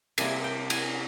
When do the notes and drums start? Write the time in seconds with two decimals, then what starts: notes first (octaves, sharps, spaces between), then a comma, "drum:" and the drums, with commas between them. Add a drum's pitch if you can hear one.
0.18 C3 G3 A#3 G#5, drum: cymbal
0.44 G5
0.70 G#5, drum: cymbal